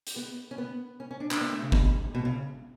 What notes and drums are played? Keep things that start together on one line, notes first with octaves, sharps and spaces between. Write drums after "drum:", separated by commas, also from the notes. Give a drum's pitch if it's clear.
drum: hi-hat
B3
C#4
B3
C#4
C#4
D4
D4, drum: clap
B3
A3
C#3
B2, drum: kick G1
B2
C#3